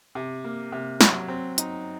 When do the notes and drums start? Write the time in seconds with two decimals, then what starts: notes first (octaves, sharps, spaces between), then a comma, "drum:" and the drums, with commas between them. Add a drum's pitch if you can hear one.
0.15 C3
0.44 A#3
0.72 C3
1.01 F#3, drum: snare
1.28 C4
1.58 D#4, drum: hi-hat